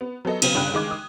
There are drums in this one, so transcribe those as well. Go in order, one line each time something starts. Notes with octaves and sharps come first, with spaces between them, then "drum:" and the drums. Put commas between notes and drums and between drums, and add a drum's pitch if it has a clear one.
B3
F#3 B3 A4 D#5
C#3 F#3 B3 C4, drum: cymbal
G1 C#3 D4 G5 B5 F#6
D#3 G#3 D6 G#6
D#6